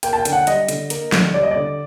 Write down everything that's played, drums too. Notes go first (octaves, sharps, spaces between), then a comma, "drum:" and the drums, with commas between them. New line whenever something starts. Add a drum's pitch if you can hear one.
A#3 G5, drum: hi-hat
A5
G5
D3, drum: hi-hat
F#5
G3 D#5, drum: hi-hat
D3, drum: hi-hat
A#3, drum: hi-hat
D3, drum: snare
G3 D5
D#5
D3 D5